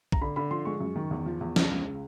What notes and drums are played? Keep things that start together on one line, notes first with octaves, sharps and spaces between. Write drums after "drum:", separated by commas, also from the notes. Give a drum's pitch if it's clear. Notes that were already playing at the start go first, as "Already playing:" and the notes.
A#5, drum: kick
D3 B5
D3 B5
F3 C6
G#3 C#6
F#2
D#3
E2
F3
E2
C#2, drum: snare
C#2
C#3